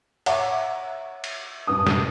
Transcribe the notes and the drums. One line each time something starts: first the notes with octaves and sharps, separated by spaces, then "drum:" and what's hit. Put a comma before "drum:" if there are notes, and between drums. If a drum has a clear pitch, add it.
C#5 E5 F#5 A#5 D6, drum: cymbal
drum: cymbal
F#1 G2 D#6
drum: snare